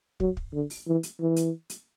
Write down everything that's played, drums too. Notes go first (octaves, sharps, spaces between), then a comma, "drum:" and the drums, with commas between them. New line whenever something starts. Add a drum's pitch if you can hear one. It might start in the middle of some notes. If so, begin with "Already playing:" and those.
F#3, drum: kick
drum: kick
D3
drum: open hi-hat
E3
drum: hi-hat
E3
drum: hi-hat
drum: hi-hat